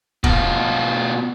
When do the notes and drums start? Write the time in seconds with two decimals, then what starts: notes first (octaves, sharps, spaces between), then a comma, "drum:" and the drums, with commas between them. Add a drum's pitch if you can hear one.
0.24 B2 F4, drum: kick